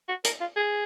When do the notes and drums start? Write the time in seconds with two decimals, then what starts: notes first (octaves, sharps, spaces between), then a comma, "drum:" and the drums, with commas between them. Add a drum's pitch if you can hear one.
0.08 F#4
0.25 A#4, drum: hi-hat
0.40 F4
0.56 G#4